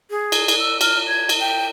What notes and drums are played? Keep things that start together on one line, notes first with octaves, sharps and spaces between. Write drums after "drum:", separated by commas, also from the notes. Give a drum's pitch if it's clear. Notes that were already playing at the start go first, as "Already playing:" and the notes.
G#4
drum: cymbal
drum: cymbal
E6
F6, drum: cymbal
G#6
drum: cymbal
G5